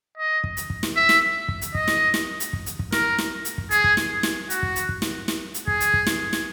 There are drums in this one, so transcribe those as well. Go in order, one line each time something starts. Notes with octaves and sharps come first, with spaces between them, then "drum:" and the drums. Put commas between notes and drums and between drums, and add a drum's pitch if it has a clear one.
D#5
drum: kick
drum: hi-hat
drum: kick
drum: snare
E5
drum: snare
drum: kick
drum: hi-hat
D#5, drum: kick
drum: snare
drum: snare
drum: hi-hat
drum: kick
drum: hi-hat
drum: kick
A#4, drum: snare
drum: snare
drum: hi-hat
drum: kick
G#4, drum: hi-hat
drum: kick
drum: snare
drum: snare
F#4, drum: hi-hat
drum: kick
drum: hi-hat
drum: kick
drum: snare
drum: snare
drum: hi-hat
G#4, drum: kick
drum: hi-hat
drum: kick
drum: snare
drum: snare